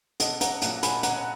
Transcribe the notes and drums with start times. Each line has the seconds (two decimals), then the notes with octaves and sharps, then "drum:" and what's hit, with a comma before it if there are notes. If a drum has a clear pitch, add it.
0.20 B1 D#5 F#5, drum: hi-hat
0.41 F#5 A#5, drum: hi-hat
0.62 A#2 F#3, drum: hi-hat
0.83 G#5 B5, drum: hi-hat
1.03 B1 F#5 A#5, drum: hi-hat